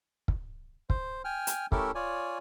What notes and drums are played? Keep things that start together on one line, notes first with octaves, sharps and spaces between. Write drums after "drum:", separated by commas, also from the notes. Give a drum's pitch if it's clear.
drum: kick
C5, drum: kick
G5 G#5 F6
drum: hi-hat
A3 C#4 E4 G4 A4 A#4, drum: kick
F4 C#5 D5 G#5